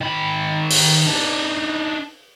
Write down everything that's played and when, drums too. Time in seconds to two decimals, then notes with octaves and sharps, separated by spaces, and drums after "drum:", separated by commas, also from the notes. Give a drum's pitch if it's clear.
0.01 D#3 B5
0.70 drum: open hi-hat
1.06 D4 D#4